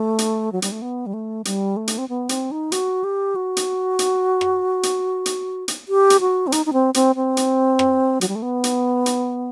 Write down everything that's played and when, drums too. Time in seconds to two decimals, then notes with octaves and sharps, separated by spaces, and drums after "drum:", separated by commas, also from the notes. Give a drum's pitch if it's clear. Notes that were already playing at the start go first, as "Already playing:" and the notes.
Already playing: A3
0.18 drum: hi-hat
0.52 F#3
0.62 G3, drum: hi-hat
0.72 A3
0.82 B3
1.06 G3
1.14 A3
1.45 G3, drum: hi-hat
1.77 A3
1.88 drum: hi-hat
1.98 C4
2.09 B3
2.29 C4, drum: hi-hat
2.51 D#4
2.72 F#4, drum: hi-hat
3.04 G4
3.35 F#4
3.57 drum: hi-hat
3.99 drum: hi-hat
4.41 drum: rim click
4.83 drum: hi-hat
5.26 drum: hi-hat
5.68 drum: hi-hat
5.89 G4
6.10 drum: hi-hat
6.21 F#4
6.47 C4
6.52 D#4, drum: hi-hat
6.66 D#4
6.73 C4
6.94 C4, drum: hi-hat
7.16 C4
7.37 drum: hi-hat
7.79 drum: rim click
8.21 F#3, drum: hi-hat
8.28 G3
8.35 A3
8.42 B3
8.64 drum: hi-hat
9.06 drum: hi-hat